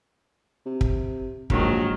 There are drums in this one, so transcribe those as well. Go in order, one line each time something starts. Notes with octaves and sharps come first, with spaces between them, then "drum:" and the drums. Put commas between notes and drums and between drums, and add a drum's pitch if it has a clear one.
C3
drum: kick
A#1 G#2 D#3 F#3, drum: kick